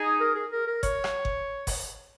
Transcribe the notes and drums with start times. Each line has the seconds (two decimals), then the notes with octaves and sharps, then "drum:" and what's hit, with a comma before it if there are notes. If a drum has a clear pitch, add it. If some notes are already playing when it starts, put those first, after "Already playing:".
Already playing: D#4 G#4
0.20 A#4
0.35 G#4
0.52 A#4
0.67 A#4
0.83 C#5, drum: kick F#1, hi-hat
1.04 drum: rim click
1.25 drum: kick F#1
1.67 drum: kick F#1, open hi-hat